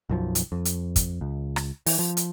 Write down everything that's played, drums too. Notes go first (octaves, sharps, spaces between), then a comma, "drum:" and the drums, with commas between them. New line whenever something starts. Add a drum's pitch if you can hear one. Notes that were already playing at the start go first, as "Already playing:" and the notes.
B1 F#2 F3
drum: hi-hat
F2
drum: hi-hat
drum: kick, hi-hat
C#2
drum: rim click
E3, drum: open hi-hat
F3
drum: hi-hat